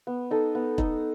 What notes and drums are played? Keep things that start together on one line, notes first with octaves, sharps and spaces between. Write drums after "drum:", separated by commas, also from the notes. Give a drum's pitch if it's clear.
B3
D#4 A4 D#5
B3
D#4 A4 D#5, drum: kick E1